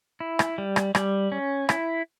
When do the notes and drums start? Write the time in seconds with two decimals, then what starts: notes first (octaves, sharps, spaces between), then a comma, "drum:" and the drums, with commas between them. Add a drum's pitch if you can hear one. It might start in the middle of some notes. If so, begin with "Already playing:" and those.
0.20 E4
0.39 drum: rim click
0.58 G3
0.76 drum: rim click
0.95 G3, drum: rim click
1.32 C#4
1.69 E4, drum: rim click